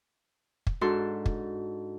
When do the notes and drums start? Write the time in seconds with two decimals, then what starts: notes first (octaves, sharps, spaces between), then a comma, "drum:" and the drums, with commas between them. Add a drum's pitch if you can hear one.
0.67 drum: kick
0.81 G#2 D4 F#4 A4 C6
1.26 drum: kick